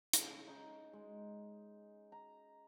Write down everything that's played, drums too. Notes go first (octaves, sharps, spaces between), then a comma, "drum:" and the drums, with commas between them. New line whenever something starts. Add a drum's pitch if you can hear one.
C#3, drum: hi-hat
D#4
G#3
A#5